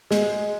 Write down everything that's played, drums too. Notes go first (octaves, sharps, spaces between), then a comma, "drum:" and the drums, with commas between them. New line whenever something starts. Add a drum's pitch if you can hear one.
G#3, drum: snare